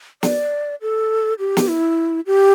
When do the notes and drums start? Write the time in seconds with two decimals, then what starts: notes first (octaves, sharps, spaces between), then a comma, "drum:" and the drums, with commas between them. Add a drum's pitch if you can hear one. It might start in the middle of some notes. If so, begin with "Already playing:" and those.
0.23 D5, drum: snare
0.81 A4
1.39 G4
1.57 drum: snare
1.68 E4
2.26 G4